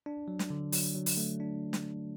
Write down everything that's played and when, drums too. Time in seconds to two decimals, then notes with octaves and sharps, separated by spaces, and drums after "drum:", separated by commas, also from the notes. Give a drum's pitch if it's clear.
0.06 D4
0.28 F#3
0.39 drum: snare
0.50 D3
0.72 F#3, drum: open hi-hat
0.95 F#3
1.06 drum: open hi-hat
1.17 A3
1.40 D4
1.73 drum: snare